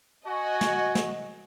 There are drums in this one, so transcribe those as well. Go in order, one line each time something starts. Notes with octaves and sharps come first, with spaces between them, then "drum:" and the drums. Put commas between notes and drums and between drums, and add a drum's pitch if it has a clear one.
F#4 D#5 G#5
drum: snare
drum: snare